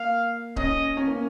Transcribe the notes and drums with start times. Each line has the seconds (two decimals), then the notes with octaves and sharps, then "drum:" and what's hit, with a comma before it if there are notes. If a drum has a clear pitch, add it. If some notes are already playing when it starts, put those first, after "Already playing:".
Already playing: A#3 F5
0.56 C#4 D#5, drum: kick C#1
0.97 C#4
1.07 A#3